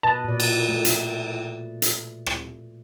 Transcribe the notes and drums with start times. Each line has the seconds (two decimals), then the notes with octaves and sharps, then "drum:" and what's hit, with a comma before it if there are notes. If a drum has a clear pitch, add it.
0.03 B2 B4 D#5 A5
0.25 A#2 D5
0.40 drum: cymbal
0.69 A3
0.85 drum: hi-hat
1.82 drum: hi-hat
2.26 drum: rim click